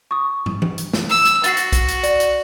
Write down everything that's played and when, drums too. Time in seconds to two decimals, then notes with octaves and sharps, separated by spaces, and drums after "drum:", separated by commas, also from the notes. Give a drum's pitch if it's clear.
0.11 C#6 D#6
0.46 drum: tom
0.62 drum: tom E3
0.78 drum: hi-hat
0.93 drum: snare
1.09 E6, drum: open hi-hat
1.25 drum: hi-hat
1.44 F#4 A6 C7, drum: hi-hat
1.57 drum: hi-hat
1.72 drum: kick B1, hi-hat
1.88 drum: hi-hat
2.03 D5, drum: hi-hat
2.20 drum: hi-hat